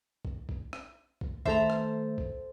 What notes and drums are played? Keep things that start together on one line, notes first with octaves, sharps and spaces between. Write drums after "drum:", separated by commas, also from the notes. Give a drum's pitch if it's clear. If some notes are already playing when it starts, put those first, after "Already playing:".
drum: kick
drum: kick
drum: rim click
drum: kick
D#3 A3 A4 C5 E5 A#5, drum: kick
drum: rim click
drum: kick